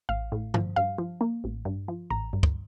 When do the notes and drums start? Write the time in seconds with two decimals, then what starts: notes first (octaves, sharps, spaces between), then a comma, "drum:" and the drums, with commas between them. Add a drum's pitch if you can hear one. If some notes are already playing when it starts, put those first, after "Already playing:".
0.09 A1 F5
0.32 A2
0.54 F3, drum: tom G2
0.76 G2 F5
0.98 F3
1.21 A#3
1.44 A1
1.65 G2
1.88 F3
2.10 A1 A#5
2.33 G2
2.43 drum: kick